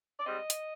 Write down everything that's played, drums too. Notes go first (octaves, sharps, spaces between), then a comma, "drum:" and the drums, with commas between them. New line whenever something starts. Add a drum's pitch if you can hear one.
D5
G#2 G3 C4 D#5
drum: hi-hat